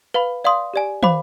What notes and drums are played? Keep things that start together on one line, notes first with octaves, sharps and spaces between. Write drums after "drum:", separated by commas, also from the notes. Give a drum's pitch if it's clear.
B4 F5 B5
D5 F5 C6 D#6
G4 D5 G#5
C5 F5 B5 D6, drum: tom